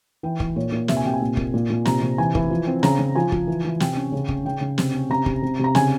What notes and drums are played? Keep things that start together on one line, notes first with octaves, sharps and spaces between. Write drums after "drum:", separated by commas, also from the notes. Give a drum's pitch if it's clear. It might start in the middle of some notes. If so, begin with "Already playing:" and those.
E3 G5
E3, drum: kick
A#2 C#5
A#2
C3 E5, drum: snare
G#5
C3 G5
G#5
A#2
A#2, drum: kick
A#2
A#2
C3 A#5, drum: snare
C3
E3 G#5
E3, drum: kick
F3
C4
C#3 A#5, drum: snare
C#3
F3 G#5
F3, drum: kick
E3
E3
C3 G5, drum: snare
C#4
C#3
C#4, drum: kick
C#3 G5
C#3
C3, drum: snare
C#4
C3 A#5
C3, drum: kick
C3
C3 A#5
C#3 G#5, drum: snare